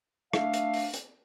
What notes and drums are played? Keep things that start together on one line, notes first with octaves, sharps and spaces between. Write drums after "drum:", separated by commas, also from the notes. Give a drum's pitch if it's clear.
A3 D4 E5 F5, drum: rim click
drum: hi-hat
drum: open hi-hat
drum: hi-hat